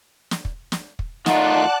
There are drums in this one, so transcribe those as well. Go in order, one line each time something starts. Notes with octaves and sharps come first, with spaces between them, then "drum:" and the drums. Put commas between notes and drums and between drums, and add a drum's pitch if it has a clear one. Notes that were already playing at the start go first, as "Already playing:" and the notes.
drum: snare
drum: kick
drum: snare
drum: kick
D#3 A3 D#4 F4 D5 F#5 A5 F#6, drum: snare